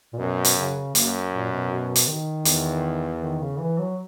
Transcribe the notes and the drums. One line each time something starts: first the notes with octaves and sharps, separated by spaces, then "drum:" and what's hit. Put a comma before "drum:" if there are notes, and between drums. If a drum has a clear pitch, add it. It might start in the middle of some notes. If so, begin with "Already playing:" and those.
A#2
F#2 B2
drum: hi-hat
C#3
F#2 A#3, drum: hi-hat
A#2
B2
B2
drum: hi-hat
D#3
E2, drum: hi-hat
D#3
C#3
E3
F#3